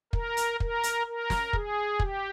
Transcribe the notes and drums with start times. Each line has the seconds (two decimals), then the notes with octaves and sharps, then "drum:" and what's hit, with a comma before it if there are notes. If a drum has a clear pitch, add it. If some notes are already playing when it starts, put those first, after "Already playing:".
0.13 A#4, drum: kick
0.37 drum: hi-hat
0.60 A#4, drum: kick
0.83 drum: hi-hat
1.07 A#4
1.30 drum: snare
1.53 G#4, drum: kick
2.00 G4, drum: kick